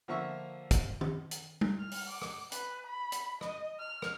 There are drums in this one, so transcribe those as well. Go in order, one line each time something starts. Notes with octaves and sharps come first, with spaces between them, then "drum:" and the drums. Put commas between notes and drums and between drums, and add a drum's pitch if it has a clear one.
D3 F3 A#3 E5 C#6
drum: kick, hi-hat
drum: tom
drum: hi-hat
drum: tom G3
F6
drum: open hi-hat
D6
drum: rim click
B4, drum: hi-hat
B5
drum: hi-hat
D#5, drum: rim click
F6
drum: rim click